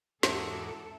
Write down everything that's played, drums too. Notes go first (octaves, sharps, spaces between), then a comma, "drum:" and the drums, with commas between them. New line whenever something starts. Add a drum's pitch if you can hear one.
E2 G#2 C#4 E4 F#4 A4 A#4 D6, drum: snare